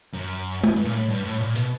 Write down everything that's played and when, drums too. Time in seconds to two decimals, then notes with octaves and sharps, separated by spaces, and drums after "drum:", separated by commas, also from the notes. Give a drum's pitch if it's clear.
0.13 F#2
0.64 drum: tom G#3
0.76 G2
0.85 A#2
0.93 A2
1.08 G2
1.25 A2
1.41 A#2
1.56 B2, drum: hi-hat